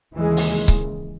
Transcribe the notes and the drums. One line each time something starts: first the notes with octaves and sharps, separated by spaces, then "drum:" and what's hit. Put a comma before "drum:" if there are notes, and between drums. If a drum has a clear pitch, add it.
D#2 C#3 E3 G#3
drum: open hi-hat
drum: kick C#1